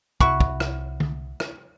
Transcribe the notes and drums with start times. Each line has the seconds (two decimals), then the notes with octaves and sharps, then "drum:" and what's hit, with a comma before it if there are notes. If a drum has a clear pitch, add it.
0.21 C2 E4 F#4 C#6, drum: kick
0.40 drum: kick
0.60 drum: rim click
1.00 drum: tom D3
1.40 drum: rim click